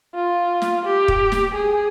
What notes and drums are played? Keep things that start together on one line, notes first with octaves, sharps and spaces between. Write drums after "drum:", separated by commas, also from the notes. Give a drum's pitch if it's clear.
F4
drum: snare
G4
drum: kick
drum: snare
G#4